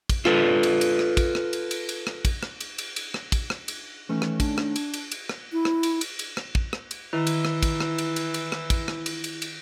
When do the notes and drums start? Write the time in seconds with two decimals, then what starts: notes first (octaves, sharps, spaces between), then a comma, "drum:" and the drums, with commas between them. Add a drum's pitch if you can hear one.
0.09 drum: kick, cymbal
0.25 F4 A4 B4, drum: rim click
0.63 drum: cymbal
0.81 drum: cymbal
0.99 drum: rim click
1.17 drum: kick, cymbal
1.35 drum: rim click
1.53 drum: cymbal
1.71 drum: cymbal
1.89 drum: cymbal
2.07 drum: rim click
2.25 drum: kick, cymbal
2.43 drum: rim click
2.61 drum: cymbal
2.78 drum: cymbal
2.96 drum: cymbal
3.14 drum: rim click
3.32 drum: kick, cymbal
3.50 drum: rim click
3.68 drum: cymbal
4.09 D#3 E3 A3 C#4
4.22 drum: rim click
4.40 D4, drum: kick, cymbal
4.58 drum: rim click
4.76 drum: cymbal
4.94 drum: cymbal
5.12 drum: cymbal
5.29 drum: rim click
5.51 E4
5.65 drum: rim click
5.83 drum: cymbal
6.01 drum: cymbal
6.19 drum: cymbal
6.37 drum: rim click
6.55 drum: kick
6.73 drum: rim click
6.91 drum: cymbal
7.13 D#3 E3 E4
7.27 drum: cymbal
7.45 drum: rim click
7.63 drum: kick, cymbal
7.80 drum: rim click
7.98 drum: cymbal
8.16 drum: cymbal
8.34 drum: cymbal
8.52 drum: rim click
8.70 drum: kick, cymbal
8.88 drum: rim click
9.06 drum: cymbal
9.24 drum: cymbal
9.42 drum: cymbal